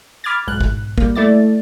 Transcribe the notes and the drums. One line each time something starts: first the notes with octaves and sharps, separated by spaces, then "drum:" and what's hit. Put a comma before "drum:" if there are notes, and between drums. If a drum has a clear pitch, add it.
B5 D6 F6 G#6 A6
B1 G#2 F#6
drum: kick
G3 A#3, drum: kick
A3 E4 D5 A6